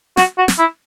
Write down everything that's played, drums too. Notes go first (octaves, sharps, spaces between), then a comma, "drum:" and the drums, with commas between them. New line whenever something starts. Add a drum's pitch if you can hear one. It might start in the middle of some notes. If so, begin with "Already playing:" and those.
F#4, drum: snare
F#4
drum: snare
E4